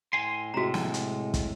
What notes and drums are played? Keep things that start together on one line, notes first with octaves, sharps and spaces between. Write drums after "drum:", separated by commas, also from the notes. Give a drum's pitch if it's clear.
A2 G#5 C6
A2 C3 G#3 F#4 A#5
drum: snare
drum: hi-hat
drum: kick, hi-hat